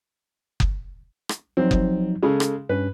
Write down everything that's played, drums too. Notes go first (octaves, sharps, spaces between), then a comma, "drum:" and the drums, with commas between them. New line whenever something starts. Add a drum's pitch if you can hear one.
drum: kick F#1
drum: rim click
F3 F#3 C4 D#4
drum: kick F#1
C#3 G#3 A4
drum: rim click
G2 C#4 B4